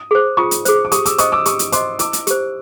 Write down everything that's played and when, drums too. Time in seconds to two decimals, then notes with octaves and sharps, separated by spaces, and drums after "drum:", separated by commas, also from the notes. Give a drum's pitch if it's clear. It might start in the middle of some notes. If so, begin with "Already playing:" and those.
Already playing: D#6
0.11 G#4 C5
0.37 F4 C#6 D#6
0.51 drum: hi-hat
0.65 G#4 C5, drum: hi-hat
0.85 D6
0.92 G4 C#6 D#6, drum: hi-hat
1.06 D6 E6, drum: hi-hat
1.18 C5 D#5 C#6 D#6, drum: hi-hat
1.32 D6 E6
1.46 G4 C#6 D#6, drum: hi-hat
1.59 drum: hi-hat
1.72 C5 D#5 C6 D6, drum: hi-hat
1.99 E4 D6 E6, drum: hi-hat
2.13 drum: hi-hat
2.27 G4 C5, drum: hi-hat